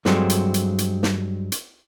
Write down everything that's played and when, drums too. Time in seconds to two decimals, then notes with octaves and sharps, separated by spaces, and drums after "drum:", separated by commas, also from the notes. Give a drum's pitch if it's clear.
0.05 G2 F#3 G#3 C4 A4, drum: snare
0.30 drum: hi-hat
0.54 drum: hi-hat
0.78 drum: hi-hat
1.03 drum: snare
1.52 drum: hi-hat